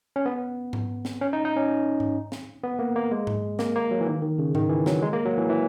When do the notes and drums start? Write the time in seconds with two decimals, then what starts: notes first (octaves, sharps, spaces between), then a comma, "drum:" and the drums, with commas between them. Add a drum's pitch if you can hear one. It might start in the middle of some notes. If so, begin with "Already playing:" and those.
0.16 C#4
0.26 B3
0.73 drum: tom G#2
1.05 drum: snare
1.21 C#4
1.33 D#4
1.45 D#4
1.57 C#4
2.00 drum: tom G#2
2.32 drum: snare
2.63 B3
2.79 A#3
2.95 A#3
3.12 G#3
3.27 drum: tom G#2
3.59 A#3, drum: snare
3.75 A#3
3.91 F#3
4.01 E3
4.07 D#3
4.22 D#3
4.39 C#3
4.55 D#3, drum: tom G#2
4.69 E3
4.86 F#3, drum: snare
5.02 G#3
5.13 A#3
5.25 F#3
5.38 E3
5.50 E3